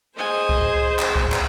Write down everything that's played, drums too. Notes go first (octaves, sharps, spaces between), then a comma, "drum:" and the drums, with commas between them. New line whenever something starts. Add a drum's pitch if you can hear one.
G#4 C5 D#5 G#5
drum: kick C2
drum: clap
drum: kick C2
drum: clap